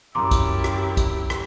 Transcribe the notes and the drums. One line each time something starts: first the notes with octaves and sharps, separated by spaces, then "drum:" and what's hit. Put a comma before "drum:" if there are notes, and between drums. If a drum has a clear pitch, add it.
F#2 E4 G4 A#5 C6 D6
drum: kick, hi-hat
drum: rim click
drum: kick, hi-hat
drum: rim click